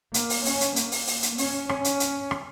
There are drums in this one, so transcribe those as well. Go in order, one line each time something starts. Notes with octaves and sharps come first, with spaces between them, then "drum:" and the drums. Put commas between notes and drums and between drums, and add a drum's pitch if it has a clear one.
A#3, drum: hi-hat
drum: open hi-hat
C#4, drum: open hi-hat
drum: hi-hat
A#3, drum: hi-hat
drum: open hi-hat
drum: open hi-hat
drum: hi-hat
C#4, drum: open hi-hat
C#4, drum: rim click
drum: hi-hat
drum: hi-hat
drum: rim click